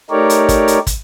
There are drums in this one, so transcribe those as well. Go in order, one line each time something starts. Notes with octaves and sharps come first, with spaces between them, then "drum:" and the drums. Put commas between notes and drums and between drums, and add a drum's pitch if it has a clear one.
A3 D#4 G4 A#4 C#5 D5
drum: hi-hat
drum: kick, hi-hat
drum: hi-hat
drum: kick, hi-hat